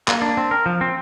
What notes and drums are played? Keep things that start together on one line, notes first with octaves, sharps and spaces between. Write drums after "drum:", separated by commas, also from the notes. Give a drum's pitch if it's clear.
A#3, drum: clap
D4
C4
A#4
F3
C4